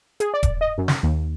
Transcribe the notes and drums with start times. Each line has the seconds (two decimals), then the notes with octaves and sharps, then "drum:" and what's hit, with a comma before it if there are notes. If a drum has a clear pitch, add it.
0.20 G#4, drum: hi-hat
0.34 D5
0.43 drum: kick D#1, hi-hat
0.61 D#5
0.78 F#2
0.88 drum: snare
1.03 D#2